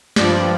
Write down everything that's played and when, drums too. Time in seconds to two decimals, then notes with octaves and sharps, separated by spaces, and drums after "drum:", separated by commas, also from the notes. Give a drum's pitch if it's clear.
0.16 G2 F3 D5, drum: snare